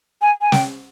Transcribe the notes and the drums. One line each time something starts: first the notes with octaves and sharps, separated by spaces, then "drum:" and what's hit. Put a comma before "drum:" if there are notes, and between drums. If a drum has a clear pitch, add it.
G#5
G#5
G5, drum: snare